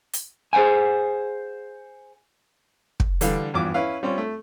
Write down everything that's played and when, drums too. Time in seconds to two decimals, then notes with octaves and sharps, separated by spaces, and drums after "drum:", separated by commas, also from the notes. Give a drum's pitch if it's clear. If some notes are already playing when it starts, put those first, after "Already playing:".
0.13 drum: hi-hat
0.53 G#4 C5 F5 F#5 G#5
3.00 drum: kick
3.21 D3 E3 G3 D4 F5, drum: hi-hat
3.54 E2 G2 F3 F#4 D6
3.74 C#4 E4 B4 F5
4.03 G3 C4 C#4 F4
4.18 A3